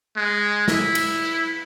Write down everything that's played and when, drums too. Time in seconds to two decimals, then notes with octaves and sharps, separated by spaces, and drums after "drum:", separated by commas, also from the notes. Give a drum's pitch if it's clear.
0.17 G#3
0.68 E4, drum: snare
0.95 drum: cymbal